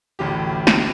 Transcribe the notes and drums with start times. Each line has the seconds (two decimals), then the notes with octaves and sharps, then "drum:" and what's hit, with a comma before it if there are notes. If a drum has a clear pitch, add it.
0.19 A1 D2 A2 G4
0.67 drum: snare